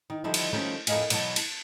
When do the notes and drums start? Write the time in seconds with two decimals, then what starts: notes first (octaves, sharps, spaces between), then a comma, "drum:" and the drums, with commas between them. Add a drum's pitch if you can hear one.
0.10 D#3
0.24 D3 D#3 F3 G3 D#4 E4
0.34 drum: cymbal
0.53 D#3 F3 G3 A3 C#4
0.87 F2 A2 A#4 D#5 F5 G#5, drum: cymbal
1.10 B2 E3 F#3 D#5 A5, drum: cymbal
1.36 A5, drum: cymbal